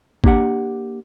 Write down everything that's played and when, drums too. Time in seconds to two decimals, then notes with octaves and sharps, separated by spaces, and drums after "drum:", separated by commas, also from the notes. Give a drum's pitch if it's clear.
0.24 A#3 D4 G4 F#5, drum: kick